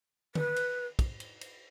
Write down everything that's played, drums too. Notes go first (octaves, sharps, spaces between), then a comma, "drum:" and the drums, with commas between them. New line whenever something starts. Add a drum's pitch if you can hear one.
B4, drum: tom D3
drum: cymbal
drum: kick, cymbal
drum: cymbal
drum: cymbal